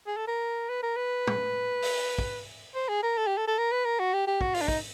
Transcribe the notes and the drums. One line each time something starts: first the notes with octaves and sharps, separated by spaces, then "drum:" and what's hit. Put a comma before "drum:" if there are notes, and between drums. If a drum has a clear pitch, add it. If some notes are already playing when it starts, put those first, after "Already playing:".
G#4
A4
A#4
B4
A#4
B4
drum: tom
drum: open hi-hat
drum: kick
C5
G#4
A#4
A4
G4
A4
A4
A#4
B4
A#4
F#4
G4
G4
F#4, drum: kick
F4, drum: open hi-hat
D4
D#4, drum: kick